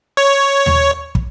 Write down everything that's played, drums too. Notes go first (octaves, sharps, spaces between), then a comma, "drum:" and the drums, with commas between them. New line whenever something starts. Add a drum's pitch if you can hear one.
C#5
drum: tom D#2
drum: kick